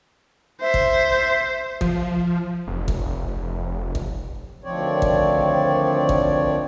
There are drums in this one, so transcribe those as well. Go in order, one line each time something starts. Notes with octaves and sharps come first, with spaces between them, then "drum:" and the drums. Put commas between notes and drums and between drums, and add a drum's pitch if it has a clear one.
C5 E5
drum: kick G#1
F3, drum: kick G#1
F1
drum: kick G#1
drum: kick G#1
D2 D#3 F3 C4 C#5 D5
drum: kick G#1
drum: kick G#1